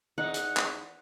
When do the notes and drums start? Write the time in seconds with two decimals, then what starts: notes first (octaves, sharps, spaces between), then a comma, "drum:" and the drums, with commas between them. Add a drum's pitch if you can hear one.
0.18 E2 D#4 F#5
0.34 drum: hi-hat
0.57 drum: clap